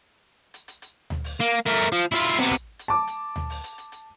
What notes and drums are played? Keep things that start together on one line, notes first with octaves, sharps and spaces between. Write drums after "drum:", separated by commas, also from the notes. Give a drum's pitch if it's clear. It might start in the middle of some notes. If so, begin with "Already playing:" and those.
drum: hi-hat
drum: hi-hat
drum: hi-hat
drum: tom D2
drum: open hi-hat
A#3, drum: hi-hat
drum: hi-hat
A3 A#4, drum: hi-hat
drum: hi-hat
F3
E4 F4, drum: hi-hat
drum: hi-hat
C3 B3, drum: hi-hat
drum: kick, hi-hat
drum: hi-hat
A5 D6
drum: hi-hat
drum: tom D2
drum: open hi-hat
drum: hi-hat
drum: hi-hat
drum: hi-hat